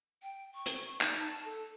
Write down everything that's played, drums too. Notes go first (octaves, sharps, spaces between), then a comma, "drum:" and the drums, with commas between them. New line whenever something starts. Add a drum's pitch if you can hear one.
G5
C#6
drum: hi-hat
D#4, drum: clap
A5
A4